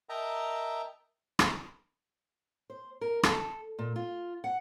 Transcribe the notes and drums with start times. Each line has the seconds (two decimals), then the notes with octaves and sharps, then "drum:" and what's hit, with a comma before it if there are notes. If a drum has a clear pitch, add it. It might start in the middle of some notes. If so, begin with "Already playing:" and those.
0.09 A#4 D#5 E5 G5 A5 A#5
1.39 drum: rim click
2.70 C5
3.01 A#4
3.23 A4, drum: rim click
3.79 A#2
3.96 F4
4.44 F#5